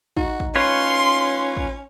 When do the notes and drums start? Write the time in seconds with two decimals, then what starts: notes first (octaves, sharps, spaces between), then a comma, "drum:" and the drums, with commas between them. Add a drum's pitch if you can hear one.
0.17 D#4 F#4, drum: kick
0.40 drum: kick
0.56 C#4 F4 B4 C#5 C6
1.57 drum: kick